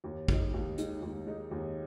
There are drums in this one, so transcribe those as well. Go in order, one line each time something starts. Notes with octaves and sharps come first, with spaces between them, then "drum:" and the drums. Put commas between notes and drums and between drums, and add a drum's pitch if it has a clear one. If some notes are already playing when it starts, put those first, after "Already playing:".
D#2
D#3 G#3 D#4, drum: kick
D#2
D#3 G#3 D#4, drum: hi-hat
D#2
D#3 G#3 D#4
D#2